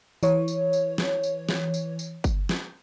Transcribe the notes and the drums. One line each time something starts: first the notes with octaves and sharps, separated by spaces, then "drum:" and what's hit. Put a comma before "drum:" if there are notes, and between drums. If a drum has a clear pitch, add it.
E3 C#5, drum: tambourine
drum: tambourine
drum: tambourine
drum: snare
drum: tambourine
drum: snare
drum: tambourine
drum: tambourine
drum: kick G1, tambourine
drum: snare